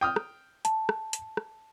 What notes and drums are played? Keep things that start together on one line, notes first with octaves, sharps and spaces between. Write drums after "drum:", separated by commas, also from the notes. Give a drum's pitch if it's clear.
G5 D#6 F6
drum: rim click
A5, drum: hi-hat
drum: rim click
drum: hi-hat
drum: rim click